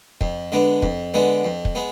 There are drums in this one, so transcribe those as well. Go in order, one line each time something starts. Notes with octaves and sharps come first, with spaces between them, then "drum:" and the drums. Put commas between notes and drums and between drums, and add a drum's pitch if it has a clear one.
F2, drum: kick
D3 G#3 B3
F2, drum: kick
D3 G#3 B3
F2
drum: kick
G#3 B3